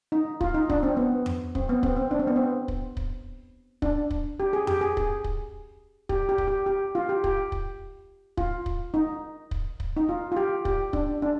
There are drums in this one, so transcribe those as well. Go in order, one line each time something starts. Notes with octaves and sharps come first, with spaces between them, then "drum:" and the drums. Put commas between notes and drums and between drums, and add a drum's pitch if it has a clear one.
D#4
F4, drum: kick
D#4
D4, drum: kick
C4
B3
drum: tom F2
C4, drum: kick
B3
C4, drum: kick
C4
D4
C4
B3
C4
drum: kick
drum: kick
D4, drum: kick
drum: kick
G4
G#4
G4, drum: tom F2
G#4
G#4, drum: kick
drum: kick
G4, drum: kick
G4
drum: kick
G4
G4
F4
G4
G4, drum: kick
drum: kick
F4, drum: kick
drum: kick
D#4
drum: kick
drum: kick
D#4
F4
F4
G4
G4, drum: kick
D4, drum: kick
D4